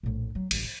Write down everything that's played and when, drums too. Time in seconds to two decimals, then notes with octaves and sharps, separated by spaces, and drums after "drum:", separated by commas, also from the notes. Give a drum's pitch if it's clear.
0.03 A#1 A2
0.35 F#3
0.51 A1 G2, drum: cymbal
0.64 F3